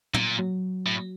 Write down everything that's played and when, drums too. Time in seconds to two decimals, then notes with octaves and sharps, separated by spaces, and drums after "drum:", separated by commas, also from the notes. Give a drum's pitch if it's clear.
0.14 A#2, drum: tom
0.39 F#3
0.86 A2